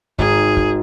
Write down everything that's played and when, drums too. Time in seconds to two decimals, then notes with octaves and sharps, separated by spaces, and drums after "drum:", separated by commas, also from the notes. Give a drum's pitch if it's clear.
0.18 G#1 G#4, drum: kick
0.57 drum: kick